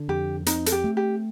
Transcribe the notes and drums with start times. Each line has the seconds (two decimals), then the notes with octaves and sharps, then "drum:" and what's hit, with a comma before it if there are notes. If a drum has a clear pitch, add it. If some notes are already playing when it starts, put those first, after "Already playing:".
Already playing: D3
0.08 F2 G4
0.46 C4 D#4, drum: hi-hat
0.66 A4, drum: hi-hat
0.72 G4
0.84 A3
0.97 G4